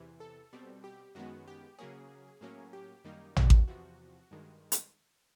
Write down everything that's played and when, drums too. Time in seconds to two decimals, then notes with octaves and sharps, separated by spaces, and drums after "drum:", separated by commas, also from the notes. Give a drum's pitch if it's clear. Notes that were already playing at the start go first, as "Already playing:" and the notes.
Already playing: E2 C3 E3
0.20 A4
0.53 B2 G3 C4
0.84 G4
1.15 F#2 D#3 G#3 B3 F#4
1.48 G4
1.78 C#3 F#3 A#3 C#4 G#4
2.41 A2 F#3 A#3 C#4
2.73 G4
3.04 F#2 D#3 G3 A#3 D#4
3.36 F#4, drum: tom
3.50 drum: kick A1
3.68 E2 C3 F3 F#4
4.31 G2 D#3 G#3
4.72 drum: hi-hat